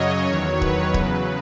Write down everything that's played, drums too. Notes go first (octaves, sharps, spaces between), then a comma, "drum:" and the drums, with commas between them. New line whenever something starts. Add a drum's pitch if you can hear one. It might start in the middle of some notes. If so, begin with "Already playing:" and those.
Already playing: F#2 C#3 F#3 C#5 D#5
E2 D#3 F#3 C#5
B4, drum: kick
E2 C#3 F#3, drum: kick